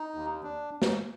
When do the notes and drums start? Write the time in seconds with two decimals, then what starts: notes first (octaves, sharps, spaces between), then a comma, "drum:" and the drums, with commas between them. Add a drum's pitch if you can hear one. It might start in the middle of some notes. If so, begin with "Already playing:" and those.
Already playing: D#4
0.14 D#2
0.43 D4
0.82 drum: snare